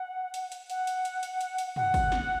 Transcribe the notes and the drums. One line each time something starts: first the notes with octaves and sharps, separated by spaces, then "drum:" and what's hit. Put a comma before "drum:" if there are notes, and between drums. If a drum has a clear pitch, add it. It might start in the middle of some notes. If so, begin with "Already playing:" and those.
Already playing: F#5
drum: hi-hat
drum: hi-hat
F#5, drum: hi-hat
drum: hi-hat
drum: hi-hat
drum: hi-hat
drum: hi-hat
drum: hi-hat
F#5, drum: tom
drum: kick, open hi-hat
drum: snare